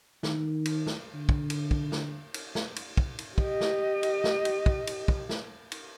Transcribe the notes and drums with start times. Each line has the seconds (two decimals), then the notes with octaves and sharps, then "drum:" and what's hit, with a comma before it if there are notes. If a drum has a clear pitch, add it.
0.23 D#3, drum: snare
0.65 drum: cymbal
0.87 drum: snare
1.14 D3
1.29 drum: kick
1.50 drum: cymbal
1.71 drum: kick
1.92 drum: snare
2.34 drum: cymbal
2.55 drum: snare
2.76 drum: cymbal
2.97 drum: kick
3.19 drum: cymbal
3.38 G4 D#5, drum: kick
3.61 drum: snare
4.03 drum: cymbal
4.24 drum: snare
4.45 drum: cymbal
4.66 drum: kick
4.87 drum: cymbal
5.08 drum: kick
5.29 drum: snare
5.72 drum: cymbal